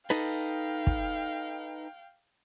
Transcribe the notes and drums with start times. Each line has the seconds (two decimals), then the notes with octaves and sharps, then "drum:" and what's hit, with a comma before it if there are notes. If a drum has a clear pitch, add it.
0.10 D#4 A4 B4 F5 G5, drum: open hi-hat
0.87 drum: kick